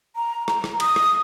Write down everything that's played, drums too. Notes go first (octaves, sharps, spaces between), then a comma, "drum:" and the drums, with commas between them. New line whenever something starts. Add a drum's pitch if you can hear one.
A#5
A#5, drum: rim click
drum: rim click
D#6, drum: cymbal
drum: rim click